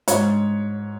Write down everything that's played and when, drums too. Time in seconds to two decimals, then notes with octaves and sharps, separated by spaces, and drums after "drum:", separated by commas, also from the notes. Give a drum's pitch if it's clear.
0.08 G#2 C#5, drum: hi-hat